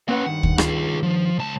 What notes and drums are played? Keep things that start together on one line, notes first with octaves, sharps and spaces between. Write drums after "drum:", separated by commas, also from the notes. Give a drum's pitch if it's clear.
A#3 C#4 B4 F#5 G5
G2 D#3 F#5
drum: kick D2
F4 G#4, drum: rim click
F3
C#2 A5